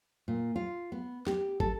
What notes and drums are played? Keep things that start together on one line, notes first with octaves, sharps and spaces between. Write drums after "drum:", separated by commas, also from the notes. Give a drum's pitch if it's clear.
A#2
F4
B3
G4, drum: snare
A4, drum: kick